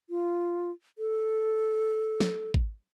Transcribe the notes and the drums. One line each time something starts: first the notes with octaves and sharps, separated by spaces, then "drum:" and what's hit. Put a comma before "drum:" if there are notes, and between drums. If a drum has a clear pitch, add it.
F4
A4
drum: snare
drum: kick G#1